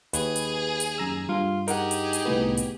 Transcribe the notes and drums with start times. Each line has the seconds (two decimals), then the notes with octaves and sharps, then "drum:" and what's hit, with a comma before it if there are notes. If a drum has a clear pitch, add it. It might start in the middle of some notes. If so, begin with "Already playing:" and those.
0.13 D#2 G#4 B4, drum: hi-hat
0.36 drum: hi-hat
0.80 drum: hi-hat
0.98 F#2 A#5 E6
1.29 G2 F4
1.68 D#4 G4 G#4 A#4 F#5, drum: hi-hat
1.91 drum: hi-hat
2.13 drum: hi-hat
2.25 C2 A2 B3
2.57 drum: hi-hat